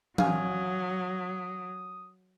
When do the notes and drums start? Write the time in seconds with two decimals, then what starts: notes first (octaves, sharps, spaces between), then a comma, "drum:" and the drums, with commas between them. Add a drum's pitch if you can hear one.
0.18 F#3 F5 G#5 D#6, drum: tom E3